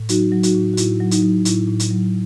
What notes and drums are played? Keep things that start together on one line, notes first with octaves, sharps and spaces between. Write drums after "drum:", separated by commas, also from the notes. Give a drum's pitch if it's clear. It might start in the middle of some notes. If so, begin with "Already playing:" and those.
Already playing: A2
F#3 D#4 F#4, drum: hi-hat
F#3
D#4 F#4, drum: hi-hat
A2
F#4
A2 E4, drum: hi-hat
F#3
D#4, drum: hi-hat
F#3
A2 E4, drum: hi-hat
A2
drum: hi-hat
F#3